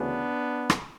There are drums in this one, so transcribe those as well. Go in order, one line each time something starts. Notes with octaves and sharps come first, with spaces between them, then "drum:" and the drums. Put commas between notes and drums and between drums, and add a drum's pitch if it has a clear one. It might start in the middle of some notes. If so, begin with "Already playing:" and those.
Already playing: D2 C#3 E3 B3 D4
drum: rim click